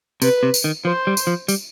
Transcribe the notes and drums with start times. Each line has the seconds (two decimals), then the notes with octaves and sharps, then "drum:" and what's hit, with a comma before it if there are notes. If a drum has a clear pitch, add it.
0.22 C3 B4, drum: tambourine
0.43 C3
0.54 drum: tambourine
0.64 D#3
0.85 F3 C5
1.07 G3
1.17 drum: tambourine
1.27 F3
1.48 G3, drum: tambourine